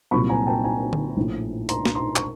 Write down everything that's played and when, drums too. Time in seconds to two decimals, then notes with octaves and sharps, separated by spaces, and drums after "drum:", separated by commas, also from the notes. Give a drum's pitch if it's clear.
0.11 C2 A#2 F#3 B5 C#6
0.29 G#5 A#5
0.46 G5 A5
0.64 G#5 A#5
0.93 drum: tom D3
1.17 A#1 A2 F3
1.69 A#5 C6, drum: hi-hat
1.85 drum: snare
1.95 A#5 C6
2.16 C#6, drum: clap